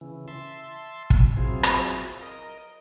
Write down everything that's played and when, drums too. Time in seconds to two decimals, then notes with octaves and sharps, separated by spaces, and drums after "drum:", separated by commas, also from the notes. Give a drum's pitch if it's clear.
0.01 C#3 E3
0.28 E5 A5 C6
1.10 drum: kick
1.37 F#3 C4 E4 F4 G#4
1.63 drum: rim click
2.23 A#4 D#5